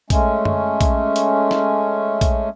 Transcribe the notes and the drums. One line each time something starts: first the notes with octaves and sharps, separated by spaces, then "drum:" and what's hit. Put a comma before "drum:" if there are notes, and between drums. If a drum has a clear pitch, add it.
G#3 A3 C#4, drum: kick, hi-hat
drum: tom F#2
drum: kick, hi-hat
drum: hi-hat
drum: snare
drum: kick, hi-hat